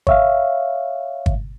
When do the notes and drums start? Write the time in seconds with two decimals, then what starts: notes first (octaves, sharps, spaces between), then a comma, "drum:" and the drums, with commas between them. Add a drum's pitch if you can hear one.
0.07 C#5 E5 F5, drum: kick G1
1.26 drum: kick G1